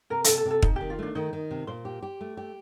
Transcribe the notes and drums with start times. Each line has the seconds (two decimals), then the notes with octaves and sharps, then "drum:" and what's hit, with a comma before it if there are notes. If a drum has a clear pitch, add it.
0.10 C3 A#4
0.24 A4, drum: hi-hat
0.29 C3
0.38 A4
0.45 C3
0.51 A4
0.63 C3 D#4, drum: kick
0.76 D#3 G4
0.90 F4
0.99 A3 D4
1.15 D#3 D#4
1.33 D#3
1.51 C3
1.67 A#2 C5
1.85 G4
2.02 G4
2.21 A3
2.37 G4